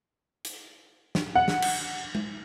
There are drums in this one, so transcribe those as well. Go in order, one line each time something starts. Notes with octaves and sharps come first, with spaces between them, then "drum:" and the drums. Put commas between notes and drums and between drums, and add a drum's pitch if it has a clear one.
drum: hi-hat
drum: snare
F#5
drum: snare
drum: cymbal
drum: tom G#3